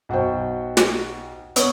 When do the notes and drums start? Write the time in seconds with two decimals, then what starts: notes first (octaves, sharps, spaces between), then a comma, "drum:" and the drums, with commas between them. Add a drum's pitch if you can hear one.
0.09 B1 F#4 C5 G5
0.77 drum: snare
1.56 B3 C#5 D#6, drum: hi-hat